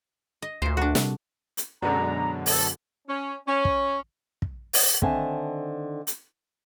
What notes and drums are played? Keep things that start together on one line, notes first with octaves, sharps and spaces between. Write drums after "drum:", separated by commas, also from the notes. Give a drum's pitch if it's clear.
D#5
D2 A#2 C5
D4 F#4 A4
C3 G3, drum: snare
drum: hi-hat
F#2 B2 D3 G#3 D4 F#4 A#5
A4 A5, drum: open hi-hat
C#4
C#4
drum: kick
drum: kick
drum: open hi-hat
D3 D#3 C4 E5 G#5 A5, drum: kick
drum: hi-hat